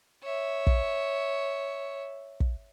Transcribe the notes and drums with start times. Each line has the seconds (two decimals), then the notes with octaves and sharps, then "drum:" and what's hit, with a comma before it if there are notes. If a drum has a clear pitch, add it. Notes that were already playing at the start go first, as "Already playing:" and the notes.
0.23 C#5 E5
0.67 drum: kick
2.40 drum: kick